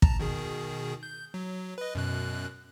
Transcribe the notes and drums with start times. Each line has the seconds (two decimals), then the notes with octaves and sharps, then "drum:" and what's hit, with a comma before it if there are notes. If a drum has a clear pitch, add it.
0.02 A5 A#5, drum: kick
0.19 B2 D#3 G#4
1.03 G6
1.34 F#3
1.78 B4 D#5
1.95 F#2 B2 F#6